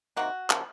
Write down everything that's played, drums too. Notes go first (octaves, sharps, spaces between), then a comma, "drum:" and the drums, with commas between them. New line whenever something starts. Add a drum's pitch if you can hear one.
C3 D#3 A#3 F#4
C#3 F3 A#3, drum: clap